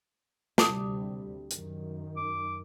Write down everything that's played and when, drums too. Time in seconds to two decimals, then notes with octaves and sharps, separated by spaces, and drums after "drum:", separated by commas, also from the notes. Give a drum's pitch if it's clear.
0.58 D2 C3 G3 A5 D6 D#6, drum: snare
1.51 F#2 D#3, drum: hi-hat
2.17 D6